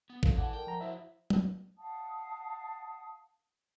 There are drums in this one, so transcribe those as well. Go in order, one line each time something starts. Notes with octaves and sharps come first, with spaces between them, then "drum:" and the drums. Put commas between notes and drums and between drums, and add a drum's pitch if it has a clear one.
B3
F3 F#4 A4 F5, drum: kick
E3 E4 D5 F#5 A5 D6
A#4 G5
F3 F#5 A#5
F3 E4 F#4 C5 E5
drum: tom
F5 F#5 A5 D#6